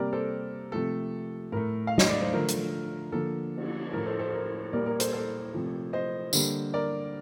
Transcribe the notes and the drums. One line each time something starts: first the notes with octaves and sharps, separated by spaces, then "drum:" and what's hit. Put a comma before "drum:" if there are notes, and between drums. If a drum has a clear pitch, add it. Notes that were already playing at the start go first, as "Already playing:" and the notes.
Already playing: C3 G3 A#3 A#4 D5
A4 C5
C3 F3 A3 A4
A2 A3 A#4
F5
D#5, drum: snare
D5
C5
D3 F3 A3 A#4
drum: hi-hat
D3 F3 A#3 A4
drum: cymbal
A2 F3 A3 A#4
A4 C5
A4 C5
A#4
A#2 G3 A#3 A#4 D5
A#4
A4 C5, drum: hi-hat
A4 C5
C3 F3 A3
C5 D#5
D3 G3 A#3, drum: tambourine
A#4 D5